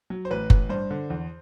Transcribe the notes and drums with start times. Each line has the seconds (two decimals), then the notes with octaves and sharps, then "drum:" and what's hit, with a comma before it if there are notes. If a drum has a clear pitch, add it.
0.10 F#3
0.25 C5
0.31 A1 B4
0.50 A1, drum: kick F#1
0.70 G2 C5
0.91 D3
1.10 E2